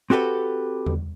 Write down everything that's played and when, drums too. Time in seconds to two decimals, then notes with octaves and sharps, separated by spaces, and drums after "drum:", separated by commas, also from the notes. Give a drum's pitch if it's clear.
0.10 C4 F#4 G4 A4 B4
0.86 drum: tom E2